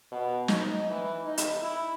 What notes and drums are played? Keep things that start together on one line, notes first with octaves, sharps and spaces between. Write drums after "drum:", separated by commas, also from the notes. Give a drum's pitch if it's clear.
B2
D#4, drum: snare
E3
D#4
drum: hi-hat
E4